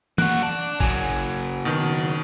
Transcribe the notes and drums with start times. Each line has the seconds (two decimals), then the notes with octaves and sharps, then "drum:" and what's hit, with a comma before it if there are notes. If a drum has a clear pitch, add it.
0.18 A#3 F#4 F#6, drum: tom E3
0.43 D5 A5
0.80 C#3 F#3 G#5, drum: kick G#1
1.65 B2 D#3